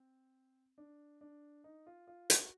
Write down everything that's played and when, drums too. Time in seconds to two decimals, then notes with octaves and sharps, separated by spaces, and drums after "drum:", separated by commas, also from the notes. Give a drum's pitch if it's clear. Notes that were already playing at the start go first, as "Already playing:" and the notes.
Already playing: C4
0.78 D4
1.21 D4
1.64 D#4
1.87 F4
2.07 F4
2.30 F#4, drum: hi-hat